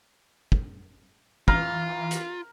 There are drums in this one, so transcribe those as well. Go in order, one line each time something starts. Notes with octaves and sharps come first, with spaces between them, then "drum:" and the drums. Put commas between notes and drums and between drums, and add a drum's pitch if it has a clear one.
drum: kick
E3 F4 A#5 F6 A#6, drum: kick
drum: hi-hat